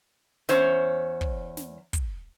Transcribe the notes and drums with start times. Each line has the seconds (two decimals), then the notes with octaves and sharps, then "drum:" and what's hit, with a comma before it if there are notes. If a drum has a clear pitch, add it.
0.49 E2 C#4 C5 C#5, drum: snare
1.21 drum: kick
1.57 drum: snare
1.93 drum: kick, hi-hat